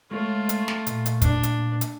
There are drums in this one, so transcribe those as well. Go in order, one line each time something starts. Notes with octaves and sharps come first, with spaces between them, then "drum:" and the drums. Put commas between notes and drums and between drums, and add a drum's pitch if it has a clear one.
G#3 A3 F4 C#5
drum: hi-hat
drum: snare
A#2, drum: hi-hat
drum: hi-hat
D4, drum: kick, hi-hat
drum: hi-hat
drum: hi-hat